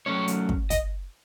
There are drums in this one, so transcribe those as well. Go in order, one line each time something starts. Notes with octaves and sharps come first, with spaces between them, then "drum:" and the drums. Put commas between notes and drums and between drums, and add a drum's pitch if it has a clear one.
F#3 A3 C#4 C#5
drum: hi-hat
drum: kick
D#5, drum: kick, hi-hat